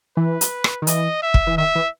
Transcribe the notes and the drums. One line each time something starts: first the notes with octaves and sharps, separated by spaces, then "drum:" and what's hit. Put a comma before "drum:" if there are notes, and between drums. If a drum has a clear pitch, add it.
E3 B4
drum: hi-hat
drum: rim click
D#3
E3 D#5, drum: hi-hat
E5
drum: kick
E3
D#3 E5
E3